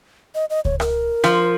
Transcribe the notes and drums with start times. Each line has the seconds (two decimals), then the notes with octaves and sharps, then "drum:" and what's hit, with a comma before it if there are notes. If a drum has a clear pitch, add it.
0.35 D#5
0.50 D#5
0.65 C#5, drum: kick C#2
0.80 A#4, drum: rim click
1.24 F3, drum: rim click